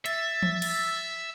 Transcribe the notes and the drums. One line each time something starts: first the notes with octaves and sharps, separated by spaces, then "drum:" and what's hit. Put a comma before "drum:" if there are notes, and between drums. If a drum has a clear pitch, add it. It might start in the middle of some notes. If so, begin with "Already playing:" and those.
E5 A6, drum: hi-hat
drum: tom E3
drum: cymbal